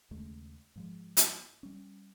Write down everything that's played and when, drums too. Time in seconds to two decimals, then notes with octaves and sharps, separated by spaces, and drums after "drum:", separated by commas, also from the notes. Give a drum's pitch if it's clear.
0.11 D#2 C#3 G#3 A3
0.76 G#2 F3 G#3
1.17 drum: hi-hat
1.63 G3 C#4